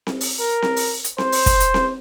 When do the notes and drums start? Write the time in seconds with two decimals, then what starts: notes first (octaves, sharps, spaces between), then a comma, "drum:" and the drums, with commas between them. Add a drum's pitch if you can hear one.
0.07 drum: snare C4
0.21 drum: open hi-hat
0.40 A#4
0.62 drum: snare C4
0.76 drum: open hi-hat
1.04 drum: hi-hat
1.18 C5, drum: snare C4
1.32 drum: open hi-hat
1.46 drum: kick, hi-hat
1.60 drum: hi-hat
1.74 drum: snare C4